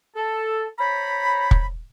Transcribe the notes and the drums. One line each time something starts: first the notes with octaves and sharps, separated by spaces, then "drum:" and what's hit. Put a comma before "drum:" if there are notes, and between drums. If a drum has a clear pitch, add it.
A4
C5 C#5 A#5 B5
drum: kick